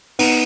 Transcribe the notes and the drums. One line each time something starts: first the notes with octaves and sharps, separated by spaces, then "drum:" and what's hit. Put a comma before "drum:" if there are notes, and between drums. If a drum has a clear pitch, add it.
B3 D#4, drum: open hi-hat